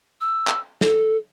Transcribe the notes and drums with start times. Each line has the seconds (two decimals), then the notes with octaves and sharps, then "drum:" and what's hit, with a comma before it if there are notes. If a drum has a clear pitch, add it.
0.21 E6
0.48 drum: clap
0.81 A4, drum: snare